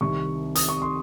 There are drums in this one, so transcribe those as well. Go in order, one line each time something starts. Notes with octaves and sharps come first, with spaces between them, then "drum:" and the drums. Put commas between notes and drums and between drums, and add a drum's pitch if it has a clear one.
C2 C3 D#3 C#6
D#6, drum: hi-hat
C#6
C6